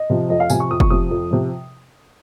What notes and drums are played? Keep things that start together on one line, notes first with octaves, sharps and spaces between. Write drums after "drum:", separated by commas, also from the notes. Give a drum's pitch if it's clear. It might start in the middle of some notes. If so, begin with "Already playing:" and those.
Already playing: D#5
C3 F3
F2 D#5
F5
C3 F3 G#5, drum: tambourine
C#6
F2 D#6
C#6, drum: kick
C3 F3 D#6
F2
C3 F3